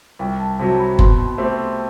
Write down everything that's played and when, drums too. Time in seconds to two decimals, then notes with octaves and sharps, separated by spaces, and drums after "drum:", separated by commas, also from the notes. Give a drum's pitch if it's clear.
0.19 C2 G5
0.39 A5
0.59 C3 F#3 A5
0.69 A5
0.79 B5
0.99 B2 C6, drum: kick F#1
1.38 A3 C4 G4